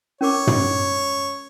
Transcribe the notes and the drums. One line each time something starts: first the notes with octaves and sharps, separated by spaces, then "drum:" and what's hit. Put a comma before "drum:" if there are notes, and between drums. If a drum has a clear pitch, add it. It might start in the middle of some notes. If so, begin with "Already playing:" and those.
C#4 A#4 C#5 D6
drum: tom